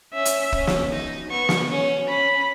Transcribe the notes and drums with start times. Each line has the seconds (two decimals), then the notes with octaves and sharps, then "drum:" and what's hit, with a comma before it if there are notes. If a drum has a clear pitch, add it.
0.13 C#4 E5
0.25 drum: hi-hat
0.52 C#4, drum: kick
0.67 drum: snare
0.91 D#4
1.30 B3 C#6
1.49 drum: snare
1.70 C#4
2.08 C#4 B5